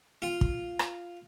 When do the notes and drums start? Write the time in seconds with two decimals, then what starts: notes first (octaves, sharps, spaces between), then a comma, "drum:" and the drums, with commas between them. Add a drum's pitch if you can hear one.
0.22 F4
0.41 drum: kick
0.79 drum: rim click